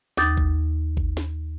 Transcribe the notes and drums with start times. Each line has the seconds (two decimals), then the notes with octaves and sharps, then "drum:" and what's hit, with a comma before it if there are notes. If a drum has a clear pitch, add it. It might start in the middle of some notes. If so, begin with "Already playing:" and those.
0.17 D#2 D6 D#6 G6 A6, drum: snare
0.37 drum: kick G#1
0.97 drum: kick G#1
1.17 drum: snare